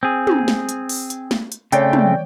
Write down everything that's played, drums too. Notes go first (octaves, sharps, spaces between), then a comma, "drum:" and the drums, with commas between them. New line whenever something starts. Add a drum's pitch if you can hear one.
C4 G#4
drum: tom
drum: snare
drum: hi-hat
drum: open hi-hat
drum: hi-hat
drum: snare
drum: hi-hat
C#3 A3 C4 C#5 D5 G5, drum: hi-hat
drum: tom